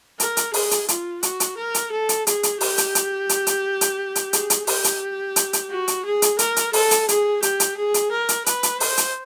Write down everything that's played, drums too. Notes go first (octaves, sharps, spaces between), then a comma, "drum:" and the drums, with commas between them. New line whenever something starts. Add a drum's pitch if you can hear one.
A#4, drum: hi-hat
drum: hi-hat
G#4, drum: open hi-hat
drum: hi-hat
F4, drum: hi-hat
F#4, drum: hi-hat
drum: hi-hat
A#4
drum: hi-hat
A4
drum: hi-hat
G#4, drum: hi-hat
drum: hi-hat
G4, drum: open hi-hat
drum: hi-hat
drum: hi-hat
drum: hi-hat
drum: hi-hat
drum: hi-hat
drum: hi-hat
G#4, drum: hi-hat
drum: hi-hat
G4, drum: open hi-hat
drum: hi-hat
drum: hi-hat
drum: hi-hat
F#4
drum: hi-hat
G#4
drum: hi-hat
A#4, drum: hi-hat
drum: hi-hat
A4, drum: open hi-hat
drum: hi-hat
G#4, drum: hi-hat
G4, drum: hi-hat
drum: hi-hat
G#4
drum: hi-hat
A#4
drum: hi-hat
B4, drum: hi-hat
drum: hi-hat
C5, drum: open hi-hat
drum: hi-hat